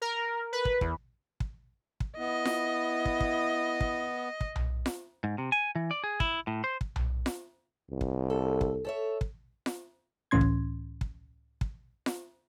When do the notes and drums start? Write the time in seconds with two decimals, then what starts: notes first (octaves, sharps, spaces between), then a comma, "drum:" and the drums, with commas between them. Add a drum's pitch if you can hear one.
0.02 A#4
0.53 B4
0.65 drum: kick
0.81 E2, drum: kick
1.40 drum: kick
2.00 drum: kick
2.18 B3 E4 D#5
2.45 drum: snare F4
3.05 drum: kick
3.20 drum: kick
3.81 drum: kick
4.41 drum: kick
4.56 drum: tom B1
4.86 drum: snare F4
5.24 G#2
5.38 C3
5.52 G#5
5.75 E3
5.91 D5
6.04 G#4
6.20 E4, drum: kick
6.47 A2
6.64 C5
6.81 drum: kick
6.96 drum: tom B1
7.26 drum: snare F4
7.91 C2
8.01 drum: kick
8.30 A4
8.61 drum: kick
8.85 A4 C#5 E5
9.21 drum: kick
9.66 drum: snare F4
10.31 C#2 A2 E3 C#4 C6 G#6
10.41 drum: kick
11.01 drum: kick
11.61 drum: kick
12.06 drum: snare F4